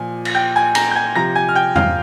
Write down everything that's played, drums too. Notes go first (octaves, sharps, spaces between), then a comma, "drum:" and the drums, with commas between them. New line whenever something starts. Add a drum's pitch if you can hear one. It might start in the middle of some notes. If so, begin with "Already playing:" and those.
Already playing: A#2 F3 G#5
drum: cymbal
G5 G6
G#5 G#6
A#5 A#6, drum: cymbal
G6
G#5 G#6
C3 F3 A#5 A#6
G#5 G#6
F6
G5 G6
F5 F6, drum: tom E2